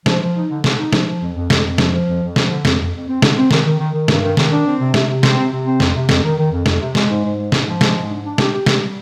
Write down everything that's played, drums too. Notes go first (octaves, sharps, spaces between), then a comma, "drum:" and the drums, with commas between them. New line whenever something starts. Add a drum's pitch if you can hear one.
F3, drum: snare
F3
D#4
D3
D3, drum: snare
D#4
F3, drum: snare
F3
F2
F2
F2, drum: snare
F2
F3, drum: snare
F3
F2
F2
F3, drum: snare
D3
F2, drum: snare
F2
F2
C4
D3, drum: snare
C4
D#3, drum: snare
D#3
D#3
D#3
G2, drum: snare
D#3
D#3, drum: snare
D4
C4
C3
C3, drum: snare
C3
C4, drum: snare
C3
C3
C4
F2, drum: snare
C3
F2, drum: snare
D#3
D#3
F2
F2, drum: snare
C3
G#3, drum: snare
G#2
G#2
G#3
G#2, drum: snare
F3
G#3, drum: snare
G#2
D4
D4
G4, drum: snare
G4
G3, drum: snare
G3